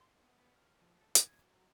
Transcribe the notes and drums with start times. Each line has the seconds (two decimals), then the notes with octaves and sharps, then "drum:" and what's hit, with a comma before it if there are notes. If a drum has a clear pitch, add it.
0.01 C6
0.22 B3
0.38 B3
0.56 F6
0.81 F3
1.01 A4
1.15 G#5, drum: hi-hat
1.42 F#3